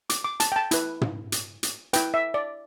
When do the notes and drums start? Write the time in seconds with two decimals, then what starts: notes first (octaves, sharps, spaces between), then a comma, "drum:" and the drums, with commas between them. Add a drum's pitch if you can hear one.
0.10 D6, drum: hi-hat
0.24 D6
0.40 A5, drum: hi-hat
0.52 G5
0.56 A5
0.71 E4 B4, drum: hi-hat
1.01 drum: tom
1.32 drum: hi-hat
1.63 drum: hi-hat
1.93 E4 B4 G5, drum: hi-hat
2.14 E5
2.34 D5